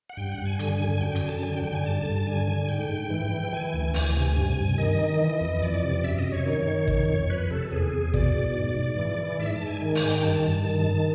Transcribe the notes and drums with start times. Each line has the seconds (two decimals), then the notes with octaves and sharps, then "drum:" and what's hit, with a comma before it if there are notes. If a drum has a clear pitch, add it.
0.10 F#5
0.17 G2 G5
0.32 F#5
0.38 G2
0.45 G#5
0.59 D3 G#5, drum: hi-hat
0.80 D3
1.01 F#2 G5
1.15 G#5, drum: hi-hat
1.22 F#2
1.29 A5
1.43 D3 G#5
1.53 G5
1.64 D3 G5
1.74 G#5
1.85 G2 A5
2.06 G2
2.27 D3 G#5
2.48 D3
2.68 G#2 G5
2.90 G#2
3.10 E3
3.31 E3
3.53 E3 G#5
3.67 G#5
3.74 D2
3.80 G#5
3.94 D2 G#5, drum: open hi-hat
4.16 C3
4.36 G2
4.57 G2
4.78 D#3 D#5
4.99 D#3
5.20 E3
5.41 F2
5.62 F2 D5
5.83 C3
6.04 F#2 E5
6.18 D#5
6.24 F#2
6.32 C#5
6.46 D#3
6.67 D#3
6.88 D#3, drum: kick
7.09 F2
7.30 F2 B4
7.50 C3 A4
7.71 E2 G#4
7.93 E2
8.14 B2 D5, drum: kick
8.34 B2
8.56 G#2
8.76 G#2
8.97 E3
9.18 E3
9.39 G#2 E5
9.53 A5
9.60 G#2
9.67 G#5
9.81 D#3 G#5
9.95 G#5, drum: open hi-hat
10.02 D#3
10.09 G5
10.23 G2 A5
10.45 G2
10.65 D#3
10.86 D#3